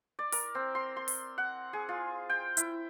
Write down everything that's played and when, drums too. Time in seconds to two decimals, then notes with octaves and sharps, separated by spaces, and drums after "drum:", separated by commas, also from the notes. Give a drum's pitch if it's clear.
0.19 D5
0.32 A#4, drum: open hi-hat
0.55 C4
0.75 C6
0.96 C6
1.08 drum: open hi-hat
1.38 F#5
1.73 G#4
1.89 F4
2.30 G5
2.57 E4, drum: hi-hat